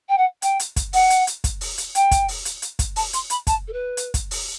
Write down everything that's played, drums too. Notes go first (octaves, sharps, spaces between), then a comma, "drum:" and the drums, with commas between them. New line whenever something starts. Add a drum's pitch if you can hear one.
G5
F#5
G5, drum: hi-hat
drum: hi-hat
drum: kick, hi-hat
F#5, drum: open hi-hat
drum: hi-hat
drum: hi-hat
drum: kick, hi-hat
drum: open hi-hat
drum: hi-hat
G5, drum: hi-hat
drum: kick, hi-hat
drum: open hi-hat
drum: hi-hat
drum: hi-hat
drum: kick, hi-hat
A5, drum: open hi-hat
C6, drum: hi-hat
B5, drum: hi-hat
A5, drum: kick, hi-hat
A4
B4
drum: hi-hat
drum: kick, hi-hat
drum: open hi-hat